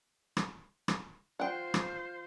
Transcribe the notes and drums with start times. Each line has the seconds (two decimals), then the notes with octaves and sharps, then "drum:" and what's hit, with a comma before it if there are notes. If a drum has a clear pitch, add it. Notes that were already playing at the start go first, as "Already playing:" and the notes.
0.37 drum: rim click
0.88 drum: rim click
1.40 F4 C5 F#5 G5
1.74 drum: rim click